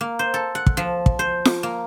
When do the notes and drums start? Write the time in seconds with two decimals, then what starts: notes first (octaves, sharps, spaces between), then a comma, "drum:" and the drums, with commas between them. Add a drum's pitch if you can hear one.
0.01 A#3
0.19 C5
0.34 A4
0.55 F#5
0.66 drum: kick
0.77 F3
1.06 drum: kick
1.19 C5
1.45 drum: snare
1.63 A#3